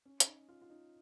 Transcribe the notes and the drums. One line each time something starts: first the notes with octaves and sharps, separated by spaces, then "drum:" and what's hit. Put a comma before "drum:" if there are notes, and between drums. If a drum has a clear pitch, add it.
C#4
C#4, drum: hi-hat
D#4
F4
F4
D#4